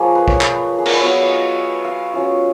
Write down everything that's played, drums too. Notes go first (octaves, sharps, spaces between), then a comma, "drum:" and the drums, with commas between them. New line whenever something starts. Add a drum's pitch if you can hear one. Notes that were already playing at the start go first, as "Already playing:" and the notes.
Already playing: F3 A#3 F4 G#4 C#5 D#5
B4
C#5, drum: kick
B4, drum: clap
G#4
A#4, drum: cymbal
B4
F#3 B3 F4 C#5
F5
D#5
F5
F#3 C#4 F4